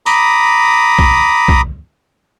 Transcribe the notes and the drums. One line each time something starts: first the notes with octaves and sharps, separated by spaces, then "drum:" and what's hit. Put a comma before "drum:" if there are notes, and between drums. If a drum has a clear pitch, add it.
A#5 B5 D6 D#6, drum: tambourine
drum: kick
drum: kick